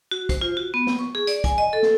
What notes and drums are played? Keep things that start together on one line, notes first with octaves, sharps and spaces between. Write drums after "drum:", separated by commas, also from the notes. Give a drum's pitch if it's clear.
F#4
C5, drum: kick, hi-hat
F4
F#4
B3
drum: snare
C#6
G#4
D5, drum: hi-hat
G#5, drum: kick, hi-hat
D#5
A4
drum: snare